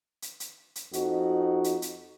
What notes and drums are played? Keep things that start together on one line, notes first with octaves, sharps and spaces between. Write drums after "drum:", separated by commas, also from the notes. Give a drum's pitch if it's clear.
drum: hi-hat
drum: hi-hat
drum: hi-hat
F2 D#4 F#4, drum: hi-hat
drum: hi-hat
drum: hi-hat